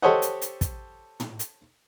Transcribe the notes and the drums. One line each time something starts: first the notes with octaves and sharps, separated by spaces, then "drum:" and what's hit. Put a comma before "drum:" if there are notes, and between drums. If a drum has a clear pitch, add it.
G4 A4 C5 C#5 D#5 F#5
drum: hi-hat
drum: hi-hat
drum: kick, hi-hat
drum: tom
drum: hi-hat